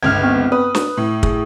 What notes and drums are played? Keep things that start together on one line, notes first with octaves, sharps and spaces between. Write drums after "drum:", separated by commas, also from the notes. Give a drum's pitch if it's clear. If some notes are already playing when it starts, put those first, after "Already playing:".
G1 C#2 F6 G#6
B3 C4
B4 D#6
drum: snare
A2
G#4, drum: kick